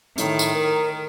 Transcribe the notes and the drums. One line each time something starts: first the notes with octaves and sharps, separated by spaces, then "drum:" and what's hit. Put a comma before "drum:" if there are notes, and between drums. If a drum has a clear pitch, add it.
A2 D#3, drum: hi-hat
drum: tambourine
A#4